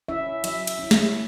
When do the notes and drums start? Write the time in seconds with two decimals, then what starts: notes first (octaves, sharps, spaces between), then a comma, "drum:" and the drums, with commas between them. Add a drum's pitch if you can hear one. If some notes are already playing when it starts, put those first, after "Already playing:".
0.08 C#4 E4 E5
0.44 F#3 E5, drum: cymbal
0.67 drum: cymbal
0.79 C#4 E4
0.91 drum: snare